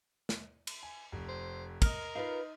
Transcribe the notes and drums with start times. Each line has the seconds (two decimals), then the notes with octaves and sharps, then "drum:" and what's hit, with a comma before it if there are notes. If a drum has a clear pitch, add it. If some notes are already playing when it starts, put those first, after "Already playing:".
0.29 drum: snare
0.67 drum: cymbal
0.83 G#5
1.12 F1
1.29 C5
1.82 A#4 D#5 F6, drum: kick, cymbal
2.15 D#4 F4 B4 F5